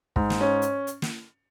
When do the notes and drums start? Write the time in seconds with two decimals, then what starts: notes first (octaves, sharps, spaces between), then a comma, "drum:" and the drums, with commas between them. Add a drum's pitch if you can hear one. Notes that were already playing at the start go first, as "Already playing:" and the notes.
0.16 G#2, drum: kick
0.30 drum: snare
0.41 C#4
0.62 drum: hi-hat
0.87 drum: hi-hat
1.02 drum: snare